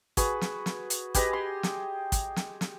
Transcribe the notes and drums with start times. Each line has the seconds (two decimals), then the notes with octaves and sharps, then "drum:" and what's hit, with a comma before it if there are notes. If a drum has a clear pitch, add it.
0.17 F#4 G#4 B4, drum: kick, hi-hat
0.41 drum: snare
0.66 drum: snare
0.90 drum: hi-hat
1.15 G4 G#4 B4 D#5, drum: kick, hi-hat
1.33 C6
1.63 drum: snare
2.12 drum: kick, hi-hat
2.36 drum: snare
2.61 drum: snare